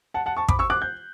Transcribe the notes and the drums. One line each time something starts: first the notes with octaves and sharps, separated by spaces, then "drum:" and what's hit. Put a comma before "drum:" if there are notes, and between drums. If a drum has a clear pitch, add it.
F#5 A5
F#5 A5
A5 C#6
B5 D6, drum: kick
C#6 E6
D6 F#6
G6